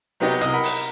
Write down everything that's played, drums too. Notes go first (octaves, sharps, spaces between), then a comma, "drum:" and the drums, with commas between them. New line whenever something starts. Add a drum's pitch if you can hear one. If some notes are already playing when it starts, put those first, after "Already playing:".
C3 F#3 B3 D#4 G4 D#5
C2 D#5 D#6, drum: hi-hat
A#4 F#5 B5
drum: open hi-hat